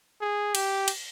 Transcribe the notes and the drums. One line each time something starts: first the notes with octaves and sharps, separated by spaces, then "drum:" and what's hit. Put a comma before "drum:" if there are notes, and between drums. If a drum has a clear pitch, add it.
G#4
G4, drum: cymbal
drum: cymbal